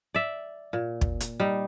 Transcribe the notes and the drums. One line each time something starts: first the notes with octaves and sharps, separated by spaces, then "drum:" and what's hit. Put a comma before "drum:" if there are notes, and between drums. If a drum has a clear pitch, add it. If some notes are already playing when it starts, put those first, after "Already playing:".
D5 E5
A#2
drum: kick
drum: hi-hat
G3 D#4